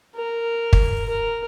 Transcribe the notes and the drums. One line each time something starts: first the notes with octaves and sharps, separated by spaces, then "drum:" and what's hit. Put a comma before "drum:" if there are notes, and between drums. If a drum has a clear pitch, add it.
A#4
drum: kick
A#4